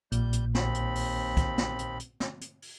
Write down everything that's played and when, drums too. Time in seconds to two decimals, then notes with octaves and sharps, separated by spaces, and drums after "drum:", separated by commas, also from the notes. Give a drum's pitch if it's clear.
0.12 A#1 A#2 G3 G6, drum: hi-hat
0.33 drum: hi-hat
0.55 D#2 C4 B5, drum: snare
0.74 drum: hi-hat
0.95 drum: open hi-hat
1.37 drum: kick, hi-hat
1.58 drum: snare
1.79 drum: hi-hat
1.99 drum: hi-hat
2.20 drum: snare
2.41 drum: hi-hat
2.62 drum: open hi-hat